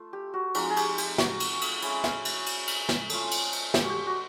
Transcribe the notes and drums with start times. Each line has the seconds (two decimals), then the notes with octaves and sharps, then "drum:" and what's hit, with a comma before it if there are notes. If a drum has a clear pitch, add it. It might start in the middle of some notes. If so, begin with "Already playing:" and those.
Already playing: A3 F4
0.13 G4
0.34 F#4
0.55 F3 G#3 C4 D#4 F#4, drum: cymbal
0.70 G#4
0.76 G4, drum: cymbal
0.98 G4, drum: cymbal
1.18 F#4, drum: snare
1.40 drum: cymbal
1.61 drum: cymbal
1.82 G#3 C#4 E4, drum: cymbal
2.04 drum: snare
2.25 drum: cymbal
2.46 drum: cymbal
2.68 drum: cymbal
2.89 drum: snare
3.09 A3 C#4 F4, drum: cymbal
3.31 drum: cymbal
3.53 drum: cymbal
3.74 G4, drum: snare
3.84 F#4
3.90 G4
4.06 F#4